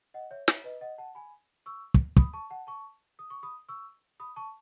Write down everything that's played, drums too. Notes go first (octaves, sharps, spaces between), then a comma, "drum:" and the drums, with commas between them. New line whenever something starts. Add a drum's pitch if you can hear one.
D#5 F#5
C#5 E5
C#5 E5, drum: snare
B4 D#5
D#5 F#5
F#5 A5
G#5 B5
C#6 E6
drum: kick
B5 D#6, drum: kick
A5 C#6
F#5 A5
A5 C#6
D#6
C#6
B5 D#6
C#6 E6
B5 D#6
A5 C#6